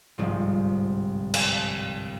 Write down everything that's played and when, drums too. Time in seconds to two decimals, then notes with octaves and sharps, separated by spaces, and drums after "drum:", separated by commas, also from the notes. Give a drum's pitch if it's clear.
0.18 G1 C2 G#2 F3
1.34 drum: cymbal